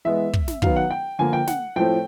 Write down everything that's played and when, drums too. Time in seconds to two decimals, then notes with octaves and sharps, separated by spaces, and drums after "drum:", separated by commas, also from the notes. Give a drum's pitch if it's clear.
0.05 E3 G#3 B3 E5
0.33 drum: kick
0.48 drum: snare
0.62 D#3 F#3 B3 F5, drum: kick
0.76 F#5
0.91 G5
1.19 D3 F3 A#3 G#5
1.33 G5
1.47 F#5, drum: snare
1.76 A2 F3 A3 C4 G5